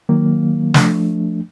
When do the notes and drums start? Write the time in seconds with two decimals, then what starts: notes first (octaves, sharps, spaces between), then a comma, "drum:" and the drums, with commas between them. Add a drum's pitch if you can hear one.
0.09 D#3 F#3 A#3
0.74 F3 A3 D4, drum: snare